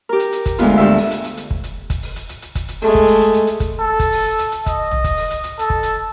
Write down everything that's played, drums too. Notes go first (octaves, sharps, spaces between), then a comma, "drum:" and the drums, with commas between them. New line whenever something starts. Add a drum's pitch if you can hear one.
G4 A#4
drum: hi-hat
drum: hi-hat
drum: kick, hi-hat
D2 G#3 B3 F4, drum: hi-hat
G2 D3 E5
drum: open hi-hat
drum: hi-hat
drum: hi-hat
drum: hi-hat
drum: kick
drum: hi-hat
drum: kick, hi-hat
drum: open hi-hat
drum: hi-hat
drum: hi-hat
drum: hi-hat
drum: kick, hi-hat
drum: hi-hat
G#3 A3
drum: kick
drum: open hi-hat
drum: hi-hat
drum: hi-hat
drum: hi-hat
drum: kick, hi-hat
A4
drum: kick, hi-hat
drum: open hi-hat
drum: hi-hat
drum: hi-hat
D#5, drum: kick, hi-hat
drum: tom
drum: kick, hi-hat
drum: open hi-hat
drum: hi-hat
drum: hi-hat
A4, drum: hi-hat
drum: kick
drum: hi-hat